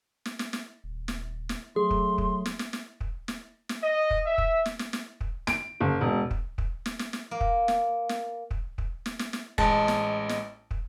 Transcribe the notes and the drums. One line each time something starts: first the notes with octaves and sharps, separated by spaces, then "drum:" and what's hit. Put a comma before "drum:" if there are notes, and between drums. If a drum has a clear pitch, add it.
drum: snare
drum: snare
drum: snare
D#1
drum: snare
drum: snare
F#3 A3 G#4 C6
drum: kick
drum: kick
drum: snare
drum: snare
drum: snare
drum: kick
drum: snare
drum: snare
D#5
drum: kick
E5
drum: kick
drum: snare
drum: snare
drum: snare
drum: kick
D7, drum: snare
F#1
E1
drum: kick
drum: kick
drum: snare
drum: snare
drum: snare
A#3
drum: kick
drum: snare
drum: snare
drum: kick
drum: kick
drum: snare
drum: snare
drum: snare
A1 G#3 D#5 A5, drum: kick
drum: snare
drum: snare
drum: kick